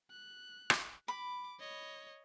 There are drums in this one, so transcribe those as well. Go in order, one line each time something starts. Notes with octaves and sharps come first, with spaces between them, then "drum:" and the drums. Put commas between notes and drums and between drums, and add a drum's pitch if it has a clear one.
F#6
drum: rim click
B5 D6
C#5 D#5